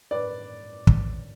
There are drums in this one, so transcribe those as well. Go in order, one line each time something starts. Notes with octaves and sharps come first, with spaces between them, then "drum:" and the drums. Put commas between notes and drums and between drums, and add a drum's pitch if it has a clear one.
B4 D5
drum: kick